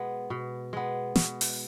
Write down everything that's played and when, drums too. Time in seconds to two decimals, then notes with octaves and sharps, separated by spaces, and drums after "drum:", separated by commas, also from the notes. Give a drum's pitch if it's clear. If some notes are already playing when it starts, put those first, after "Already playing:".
Already playing: B2 G#3 B3
0.30 B2
0.73 G#3 B3
1.16 B2, drum: snare
1.41 drum: open hi-hat